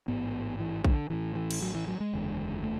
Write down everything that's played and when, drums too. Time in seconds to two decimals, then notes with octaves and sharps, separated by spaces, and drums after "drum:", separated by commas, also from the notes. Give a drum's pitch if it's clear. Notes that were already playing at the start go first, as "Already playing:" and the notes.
0.08 A1 G#2 B3
0.60 E3
0.84 D3, drum: kick A#1
1.10 A1 A2 E3
1.35 E3
1.51 drum: cymbal
1.62 F#3
1.75 E3
1.88 F#3
2.00 G#3
2.13 F#1 E2 D3
2.63 A3